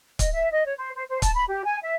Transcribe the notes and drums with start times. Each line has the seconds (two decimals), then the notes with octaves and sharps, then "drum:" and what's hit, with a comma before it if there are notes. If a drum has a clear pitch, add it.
0.19 D#5, drum: kick C#1, hi-hat
0.32 E5
0.50 D#5
0.65 C#5
0.78 C5
0.95 C5
1.08 C5
1.22 A5, drum: kick C#1, hi-hat
1.35 B5
1.48 G4
1.64 G#5
1.83 E5